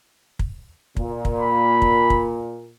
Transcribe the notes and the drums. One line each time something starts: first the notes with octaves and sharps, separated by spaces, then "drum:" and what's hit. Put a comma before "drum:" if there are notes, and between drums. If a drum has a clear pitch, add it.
drum: kick
A#2, drum: kick
drum: kick
B5
drum: kick
drum: kick